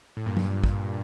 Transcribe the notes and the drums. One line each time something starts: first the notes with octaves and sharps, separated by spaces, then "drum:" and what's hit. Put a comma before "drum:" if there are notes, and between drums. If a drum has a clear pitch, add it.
A2
G2 A#2
drum: tom
drum: kick